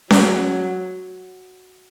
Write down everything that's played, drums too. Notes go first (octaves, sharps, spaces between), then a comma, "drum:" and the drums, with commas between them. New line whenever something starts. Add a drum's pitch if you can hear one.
F#3, drum: snare C#4